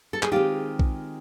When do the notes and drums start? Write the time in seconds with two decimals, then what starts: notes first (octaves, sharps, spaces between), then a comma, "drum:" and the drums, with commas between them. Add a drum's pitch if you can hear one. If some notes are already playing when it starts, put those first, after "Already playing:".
0.13 A4
0.23 G#4, drum: clap
0.31 D#3 G#3 C4 F4 G4
0.79 drum: kick A#1